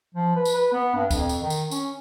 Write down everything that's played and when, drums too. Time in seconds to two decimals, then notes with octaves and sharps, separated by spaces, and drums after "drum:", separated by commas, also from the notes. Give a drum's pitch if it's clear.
0.15 F3
0.36 B4
0.45 drum: tambourine
0.55 B4
0.72 B3
0.95 G2
1.11 F2, drum: kick, tambourine
1.29 drum: tambourine
1.41 D#3
1.50 drum: tambourine
1.71 C#4, drum: tambourine